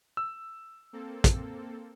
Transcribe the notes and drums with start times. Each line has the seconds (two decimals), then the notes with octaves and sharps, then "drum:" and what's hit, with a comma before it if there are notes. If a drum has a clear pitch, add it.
0.17 E6
0.93 A#3 C4 A4
1.24 drum: kick, hi-hat